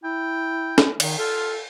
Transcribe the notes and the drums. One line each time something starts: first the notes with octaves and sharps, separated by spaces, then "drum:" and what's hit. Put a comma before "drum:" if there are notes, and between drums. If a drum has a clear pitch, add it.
E4 G5
drum: snare
D#3, drum: cymbal
F4 A4